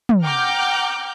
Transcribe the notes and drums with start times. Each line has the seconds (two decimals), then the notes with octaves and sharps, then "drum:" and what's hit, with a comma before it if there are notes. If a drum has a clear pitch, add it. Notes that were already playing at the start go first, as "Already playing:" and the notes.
0.09 drum: tom
0.22 F#5 G5 A#5 D6 F6 G6